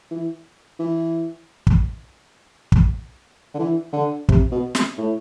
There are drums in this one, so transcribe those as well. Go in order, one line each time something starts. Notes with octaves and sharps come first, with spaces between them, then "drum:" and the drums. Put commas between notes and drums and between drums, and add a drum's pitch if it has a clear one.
E3
E3
drum: kick
drum: kick
D3
E3
D3
C3, drum: kick
B2
drum: snare
A2